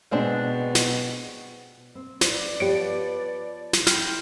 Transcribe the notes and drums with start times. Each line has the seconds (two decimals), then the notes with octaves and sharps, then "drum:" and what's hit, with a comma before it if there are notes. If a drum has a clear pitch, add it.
0.11 B2 G#3 C4 D4
0.75 drum: snare
1.95 C4
2.21 B4 C5 D5, drum: snare
2.60 F3 B3 G4 C#5 C#7 D7
3.73 drum: snare
3.87 E4 F4 G5 F6, drum: snare